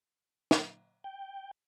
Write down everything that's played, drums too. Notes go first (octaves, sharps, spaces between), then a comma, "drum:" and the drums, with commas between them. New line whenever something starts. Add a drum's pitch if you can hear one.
drum: snare
G5